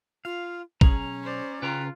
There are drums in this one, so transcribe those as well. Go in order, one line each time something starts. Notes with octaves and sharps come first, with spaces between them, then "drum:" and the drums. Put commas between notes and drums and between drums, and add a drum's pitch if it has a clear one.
F4 F5
B1 C#4 G#4 A#5, drum: kick
C5 D5
C#3 F4 B4 G5 A#5